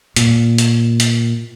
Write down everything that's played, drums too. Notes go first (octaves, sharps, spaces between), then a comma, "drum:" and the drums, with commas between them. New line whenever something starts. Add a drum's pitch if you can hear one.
A#2, drum: hi-hat
drum: hi-hat
drum: hi-hat